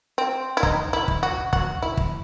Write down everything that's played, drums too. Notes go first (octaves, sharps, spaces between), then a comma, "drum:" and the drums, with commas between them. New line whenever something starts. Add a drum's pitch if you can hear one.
C4
E4
D#4, drum: kick
E4
drum: kick
F#4
F#4, drum: kick
E4
drum: kick